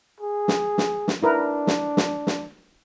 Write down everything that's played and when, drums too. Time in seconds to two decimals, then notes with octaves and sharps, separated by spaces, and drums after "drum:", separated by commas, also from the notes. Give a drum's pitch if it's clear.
0.20 G#4
0.48 drum: snare
0.78 drum: snare
1.08 drum: snare
1.23 D4 E4 A#4 B4
1.67 drum: snare
1.97 drum: snare
2.27 drum: snare